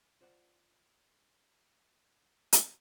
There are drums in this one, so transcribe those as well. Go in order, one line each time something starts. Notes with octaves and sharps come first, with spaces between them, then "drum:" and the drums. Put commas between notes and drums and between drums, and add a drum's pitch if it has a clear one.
F4 C5 D5 F#5
drum: hi-hat